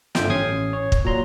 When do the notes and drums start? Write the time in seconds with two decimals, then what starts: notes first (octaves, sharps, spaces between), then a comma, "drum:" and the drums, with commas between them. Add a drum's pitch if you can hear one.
0.15 G1 D3 F3 C5 E5 G5, drum: snare
0.29 A1 C#4 D#6 G#6 C7
0.73 C#5
0.92 drum: kick
1.04 A#2 F#3 A#5 C6